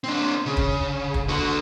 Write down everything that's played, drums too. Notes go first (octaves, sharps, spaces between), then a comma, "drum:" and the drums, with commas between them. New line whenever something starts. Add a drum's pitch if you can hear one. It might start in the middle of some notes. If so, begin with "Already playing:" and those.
C4 D4
C#3
drum: kick
drum: kick
D3 F#4